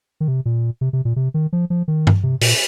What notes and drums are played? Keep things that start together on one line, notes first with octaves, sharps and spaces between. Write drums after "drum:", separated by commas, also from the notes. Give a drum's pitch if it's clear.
D#3
C3
A#2
C3
C3
A#2
C3
D#3
F3
F3
D#3
drum: tom G2
C3
A#2, drum: open hi-hat